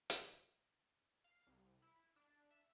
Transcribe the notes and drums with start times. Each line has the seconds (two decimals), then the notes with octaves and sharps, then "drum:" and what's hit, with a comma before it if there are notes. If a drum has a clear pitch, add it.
0.10 drum: hi-hat
1.24 F5
1.47 C2
1.82 E4
2.16 D4
2.51 E5